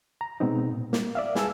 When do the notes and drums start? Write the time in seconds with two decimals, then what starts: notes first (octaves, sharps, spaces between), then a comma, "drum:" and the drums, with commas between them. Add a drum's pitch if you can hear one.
0.21 A#5
0.40 B2 G#3 B3 C4 D#4
0.72 A#2
0.93 A#3, drum: snare
1.15 D5 E5 F5
1.35 G#4 B4 G#5 A5 E6, drum: snare